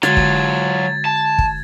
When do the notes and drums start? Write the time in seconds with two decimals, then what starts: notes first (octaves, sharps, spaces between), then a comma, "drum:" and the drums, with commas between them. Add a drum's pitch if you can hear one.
0.03 D3 F#3 G#3 F4 F#4 G#6 A6, drum: rim click
0.17 drum: kick
1.05 A5
1.38 drum: kick